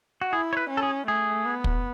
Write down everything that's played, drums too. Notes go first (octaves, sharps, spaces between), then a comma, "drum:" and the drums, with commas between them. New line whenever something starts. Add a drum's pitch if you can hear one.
F#4
E4 G#4
C#5
B4
C#4
A4
G#4
A3 G#4
B3
drum: kick